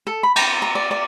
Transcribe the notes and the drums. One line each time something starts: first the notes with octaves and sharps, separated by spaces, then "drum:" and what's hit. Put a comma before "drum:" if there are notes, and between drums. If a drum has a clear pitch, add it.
A4
B5
G5, drum: cymbal
A#5
D5
D5